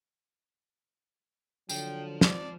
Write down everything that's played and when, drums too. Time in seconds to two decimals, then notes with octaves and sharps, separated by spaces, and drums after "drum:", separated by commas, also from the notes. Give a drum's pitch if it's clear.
1.69 D3 F3 F#3 G5, drum: tambourine
2.21 C4 D5, drum: snare